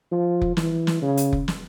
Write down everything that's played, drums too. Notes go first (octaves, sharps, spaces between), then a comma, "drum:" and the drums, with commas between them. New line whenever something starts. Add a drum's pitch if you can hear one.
F3
drum: kick F1
E3, drum: snare
drum: snare
C#3
drum: hi-hat
drum: kick F1
drum: snare